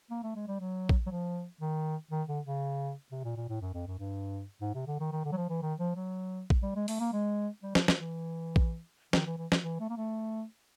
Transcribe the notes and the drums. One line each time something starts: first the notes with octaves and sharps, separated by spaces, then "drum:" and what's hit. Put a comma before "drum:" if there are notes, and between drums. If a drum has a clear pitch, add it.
A#3
A3
G#3
G3
F#3
drum: kick
F#3
F3
D#3
D#3
D3
C#3
C3
A#2
A#2
A2
F#2
F2
F#2
G2
G#2
C3
D3
D#3
D#3
D3
F#3
F3
E3
D#3
F3
F#3
drum: kick
G3
G#3
A3, drum: open hi-hat
A#3
G#3
G3
F3, drum: snare
F3, drum: snare
E3
drum: kick
D#3, drum: snare
E3
E3
drum: snare
E3
A3
A#3
A3